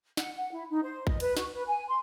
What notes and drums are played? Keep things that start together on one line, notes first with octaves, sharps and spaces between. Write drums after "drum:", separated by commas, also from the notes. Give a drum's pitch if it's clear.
F#5, drum: snare
F#5
E4
D#4
C5
D#5, drum: kick
B4, drum: cymbal
F#4, drum: snare
B4
G#5
C6